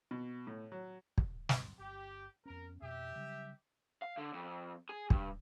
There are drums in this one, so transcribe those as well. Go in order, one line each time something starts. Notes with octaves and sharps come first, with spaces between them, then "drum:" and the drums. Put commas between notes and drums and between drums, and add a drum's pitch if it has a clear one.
B2
A2
F#3
drum: kick
A1 D2 G2, drum: snare
G1 G4
F2 B3 C#4 A#4
F2 B2 G4 E5
C#3 F#3 G3
F5
D3
F2
G#4
G2, drum: kick